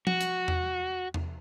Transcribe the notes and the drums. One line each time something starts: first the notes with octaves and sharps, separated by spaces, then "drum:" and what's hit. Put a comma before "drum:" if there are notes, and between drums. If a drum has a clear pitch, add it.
F#4, drum: tom F3
drum: hi-hat
drum: tom E2
drum: tom E2